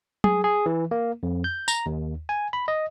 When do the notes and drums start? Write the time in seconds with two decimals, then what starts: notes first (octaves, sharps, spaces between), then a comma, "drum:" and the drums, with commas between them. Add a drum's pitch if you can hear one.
0.24 G#4, drum: tom F#3
0.44 G#4
0.66 E3
0.91 A#3
1.23 F2
1.44 G6
1.68 A#5, drum: tambourine
1.86 D#2
2.29 G#5
2.53 B5
2.68 D#5